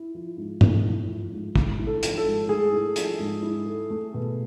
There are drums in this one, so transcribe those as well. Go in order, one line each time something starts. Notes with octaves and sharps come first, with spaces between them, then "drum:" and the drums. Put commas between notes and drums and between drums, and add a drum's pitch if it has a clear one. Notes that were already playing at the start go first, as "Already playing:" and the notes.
Already playing: E4
F3
G#2
A3, drum: tom
E4
F3
G#2
A3, drum: kick
E4
A4
F3, drum: hi-hat
A4
G#2
A3 G#4
E4
F3, drum: hi-hat
G#2
E4
A4
A3
B2